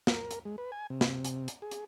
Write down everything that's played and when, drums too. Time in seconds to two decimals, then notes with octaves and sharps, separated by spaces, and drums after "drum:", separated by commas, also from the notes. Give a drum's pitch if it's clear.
0.07 A#4, drum: snare
0.31 drum: hi-hat
0.45 G#3
0.58 B4
0.72 G#5
0.90 C3
1.01 drum: snare
1.24 drum: hi-hat
1.48 drum: hi-hat
1.62 G#4
1.71 drum: hi-hat